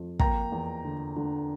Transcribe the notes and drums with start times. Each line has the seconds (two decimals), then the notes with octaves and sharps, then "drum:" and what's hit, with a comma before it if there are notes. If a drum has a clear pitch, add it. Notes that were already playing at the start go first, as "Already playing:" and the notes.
Already playing: F2
0.20 A#3 G5 A#5, drum: kick
0.52 E2
0.85 D3
1.16 D3